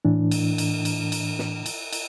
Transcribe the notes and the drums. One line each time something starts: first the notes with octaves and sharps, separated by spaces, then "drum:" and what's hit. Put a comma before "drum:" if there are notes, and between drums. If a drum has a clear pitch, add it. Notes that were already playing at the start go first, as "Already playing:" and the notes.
A2 E3 D4
drum: cymbal
drum: cymbal
drum: cymbal
drum: cymbal
drum: snare
drum: cymbal
drum: cymbal